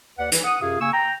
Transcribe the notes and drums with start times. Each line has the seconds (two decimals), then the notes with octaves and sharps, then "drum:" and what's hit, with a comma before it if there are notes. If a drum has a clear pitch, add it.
0.18 D#2 B4 D5 F#5
0.32 E3, drum: hi-hat
0.44 F#5 D#6
0.61 F#2 C3 F4 G#4 F5 D#6
0.80 C#3 A#3 G#5 C#6 E6
0.93 G5 A#5